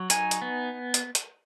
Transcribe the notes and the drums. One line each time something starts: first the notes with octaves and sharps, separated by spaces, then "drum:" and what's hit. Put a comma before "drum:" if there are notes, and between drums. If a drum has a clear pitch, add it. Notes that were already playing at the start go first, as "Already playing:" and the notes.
Already playing: F#3
D#4 G#5, drum: hi-hat
drum: hi-hat
B3
drum: hi-hat
drum: hi-hat